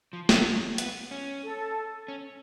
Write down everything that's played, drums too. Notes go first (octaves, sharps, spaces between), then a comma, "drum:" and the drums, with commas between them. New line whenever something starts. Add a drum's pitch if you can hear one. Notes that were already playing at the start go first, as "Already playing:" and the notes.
F3
G3, drum: snare
F#3
B3, drum: hi-hat
C#4
A4
C#4